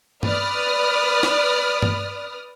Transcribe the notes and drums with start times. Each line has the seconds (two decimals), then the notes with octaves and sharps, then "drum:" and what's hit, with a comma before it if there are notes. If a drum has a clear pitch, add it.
0.23 B4 D5 D#6 F6, drum: tom
1.23 drum: snare
1.82 drum: tom